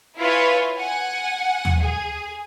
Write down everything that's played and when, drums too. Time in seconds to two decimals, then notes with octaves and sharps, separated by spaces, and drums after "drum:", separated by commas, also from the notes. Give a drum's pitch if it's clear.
0.18 E4 F4 B4 C#5 G#5
0.77 F#5 G#5
1.65 drum: tom D#2
1.81 G#4